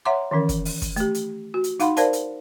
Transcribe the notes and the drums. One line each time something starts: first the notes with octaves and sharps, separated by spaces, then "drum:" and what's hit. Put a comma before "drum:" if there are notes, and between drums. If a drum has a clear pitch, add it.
C#5 E5 F#5 A#5 C6 D6
D#3 E3 C#4 A#4
drum: kick, hi-hat
drum: open hi-hat
drum: kick, hi-hat
A3 G4, drum: hi-hat
drum: hi-hat
F#4
drum: hi-hat
D#4 F5 F#5 B5 C6, drum: hi-hat
A#4 C5 D5 F5 A5, drum: hi-hat
drum: hi-hat